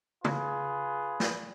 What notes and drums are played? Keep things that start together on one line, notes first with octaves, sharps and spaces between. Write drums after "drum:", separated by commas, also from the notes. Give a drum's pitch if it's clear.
F4 G#4 B4, drum: tom
drum: snare